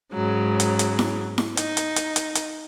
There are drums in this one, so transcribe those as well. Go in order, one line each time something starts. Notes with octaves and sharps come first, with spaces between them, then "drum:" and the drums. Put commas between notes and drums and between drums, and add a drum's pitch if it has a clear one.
G#2 C#3 F#3
drum: hi-hat
drum: hi-hat
drum: snare E4
drum: snare E4
D#4, drum: hi-hat
drum: hi-hat
drum: hi-hat
drum: hi-hat
drum: hi-hat